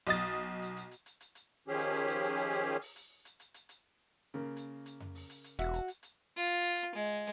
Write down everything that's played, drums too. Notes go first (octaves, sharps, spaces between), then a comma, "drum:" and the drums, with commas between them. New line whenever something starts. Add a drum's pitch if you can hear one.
B1 D#5 D#6 A6
drum: hi-hat
drum: hi-hat
drum: hi-hat
drum: hi-hat
drum: hi-hat
drum: hi-hat
D#3 F3 C#4 G4 G#4
drum: hi-hat
drum: hi-hat
drum: hi-hat
drum: hi-hat
drum: hi-hat
drum: hi-hat
drum: open hi-hat
drum: hi-hat
drum: hi-hat
drum: hi-hat
drum: hi-hat
drum: hi-hat
C#3 A#3
drum: hi-hat
drum: hi-hat
drum: tom F2
drum: open hi-hat
drum: hi-hat
drum: hi-hat
E1 F#4 E5, drum: hi-hat
drum: hi-hat
drum: hi-hat
drum: hi-hat
F4
drum: hi-hat
drum: hi-hat
drum: hi-hat
G#3
drum: hi-hat